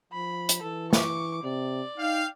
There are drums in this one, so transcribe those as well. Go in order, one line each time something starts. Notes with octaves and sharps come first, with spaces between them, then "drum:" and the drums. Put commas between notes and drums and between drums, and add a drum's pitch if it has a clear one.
F3 B5
drum: hi-hat
E3 A4
C#6 D6, drum: snare
C3 D5
D#4 F5 G5